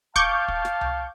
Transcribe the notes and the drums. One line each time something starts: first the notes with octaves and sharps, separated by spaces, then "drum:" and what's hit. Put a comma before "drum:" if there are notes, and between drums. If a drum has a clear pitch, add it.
F5 A5 C#6 D6 G6, drum: kick
drum: kick
drum: snare
drum: tom C2